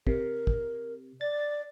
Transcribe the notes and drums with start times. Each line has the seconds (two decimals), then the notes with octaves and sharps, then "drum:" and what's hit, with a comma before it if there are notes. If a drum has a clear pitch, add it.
0.07 C3 A#4, drum: kick
0.47 drum: kick
1.21 D5 A6